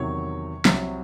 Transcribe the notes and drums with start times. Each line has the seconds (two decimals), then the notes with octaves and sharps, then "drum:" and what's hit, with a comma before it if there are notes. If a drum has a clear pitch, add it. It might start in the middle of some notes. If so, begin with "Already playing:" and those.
Already playing: E2 C3 D#3 F#3 C#5
0.65 C2 C3 F#3, drum: snare